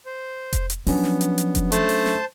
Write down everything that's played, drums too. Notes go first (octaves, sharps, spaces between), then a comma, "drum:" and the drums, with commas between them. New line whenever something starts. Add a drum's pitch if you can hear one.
C5
drum: kick F1, hi-hat
drum: hi-hat
F3 F#3 B3 C#4 D4, drum: open hi-hat
drum: snare
drum: hi-hat
drum: hi-hat
drum: kick F1, hi-hat
A3 C5 A5, drum: hi-hat
drum: open hi-hat
drum: snare